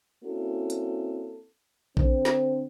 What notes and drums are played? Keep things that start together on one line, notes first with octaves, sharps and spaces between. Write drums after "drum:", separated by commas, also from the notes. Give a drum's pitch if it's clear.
A#3 C4 C#4 E4 F#4 A4
drum: hi-hat
D3 C4 C5, drum: kick A#1
drum: snare